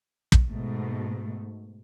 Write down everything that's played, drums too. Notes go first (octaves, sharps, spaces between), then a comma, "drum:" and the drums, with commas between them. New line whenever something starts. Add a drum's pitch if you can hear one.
drum: kick
G#2 B2 A3